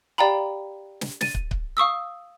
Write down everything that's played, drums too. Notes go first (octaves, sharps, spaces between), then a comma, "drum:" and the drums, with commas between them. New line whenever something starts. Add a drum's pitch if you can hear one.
G4 D5 F5 G5 A#5 B5
drum: snare
A6 D#7, drum: snare
drum: kick
drum: kick
F5 C#6 D#6 E6